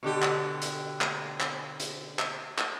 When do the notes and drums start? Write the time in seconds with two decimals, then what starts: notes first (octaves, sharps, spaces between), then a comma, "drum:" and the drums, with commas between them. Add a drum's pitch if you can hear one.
0.03 B2 D3 G4
0.22 drum: clap
0.62 drum: hi-hat
1.01 drum: clap
1.40 drum: clap
1.80 drum: hi-hat
2.19 drum: clap
2.58 drum: clap